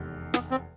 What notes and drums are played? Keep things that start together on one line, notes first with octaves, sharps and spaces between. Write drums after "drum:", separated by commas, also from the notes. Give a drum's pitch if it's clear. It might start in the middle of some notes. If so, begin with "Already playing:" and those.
Already playing: F1 E2 C3 D#3 G#3
B3, drum: snare
C4